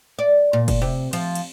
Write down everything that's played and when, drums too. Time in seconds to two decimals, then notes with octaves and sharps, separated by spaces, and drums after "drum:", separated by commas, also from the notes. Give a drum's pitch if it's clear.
0.19 D5
0.53 A#2
0.68 drum: kick, cymbal
0.82 C3
1.13 F3, drum: cymbal
1.35 drum: cymbal